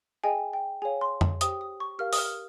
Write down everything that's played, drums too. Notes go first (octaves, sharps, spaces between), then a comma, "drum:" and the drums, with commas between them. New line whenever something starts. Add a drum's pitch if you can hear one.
G#4 D#5 G5 G#5
G5
G#4 C#5 F5 G#5
C6
drum: tom F2
G4 C5 G5 D#6, drum: hi-hat
D#6
C#6
G4 A#4 F5 F6
D#6, drum: open hi-hat
F6